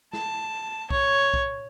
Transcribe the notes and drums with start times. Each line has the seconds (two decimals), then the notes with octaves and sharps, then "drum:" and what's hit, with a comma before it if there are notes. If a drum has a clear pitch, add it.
0.13 A5, drum: snare
0.90 C#5, drum: kick B1
1.34 drum: kick B1